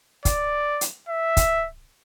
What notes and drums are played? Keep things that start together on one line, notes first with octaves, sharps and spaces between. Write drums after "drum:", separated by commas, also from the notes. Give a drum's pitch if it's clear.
D5, drum: kick, hi-hat
drum: hi-hat
E5
drum: kick, hi-hat